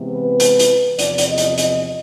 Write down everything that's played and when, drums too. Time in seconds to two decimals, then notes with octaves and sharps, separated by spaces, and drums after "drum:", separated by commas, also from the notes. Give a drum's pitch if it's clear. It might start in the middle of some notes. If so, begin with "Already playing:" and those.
Already playing: C3 E3 G#3 B3
0.10 B4
0.40 drum: hi-hat
0.59 drum: hi-hat
0.99 E2 C3 F3 D5, drum: hi-hat
1.18 drum: hi-hat
1.28 D#5
1.38 drum: hi-hat
1.58 D#5, drum: hi-hat